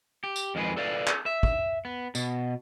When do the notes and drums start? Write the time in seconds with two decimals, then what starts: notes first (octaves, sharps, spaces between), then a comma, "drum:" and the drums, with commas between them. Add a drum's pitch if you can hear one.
0.24 G4
0.36 drum: tambourine
0.55 F2 D#3 G#3 G#4 B4
0.77 A4 B4 D5 F5
1.07 drum: clap
1.26 E5
1.43 drum: kick
1.85 B3
2.15 B2, drum: tambourine